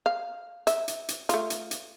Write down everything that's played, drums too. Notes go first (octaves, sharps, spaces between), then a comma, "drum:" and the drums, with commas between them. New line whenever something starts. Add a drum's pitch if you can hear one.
F5
E5, drum: hi-hat
drum: hi-hat
drum: hi-hat
A3 F4, drum: hi-hat
drum: hi-hat
drum: hi-hat